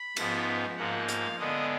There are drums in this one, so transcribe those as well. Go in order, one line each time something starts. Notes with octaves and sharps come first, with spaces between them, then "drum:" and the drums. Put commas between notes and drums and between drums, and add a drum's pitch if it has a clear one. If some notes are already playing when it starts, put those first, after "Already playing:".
Already playing: B5
G#2 F3 B3, drum: cymbal
G#2 F3 A#3 F#5
F5, drum: hi-hat
D3 G#3 B3 D#5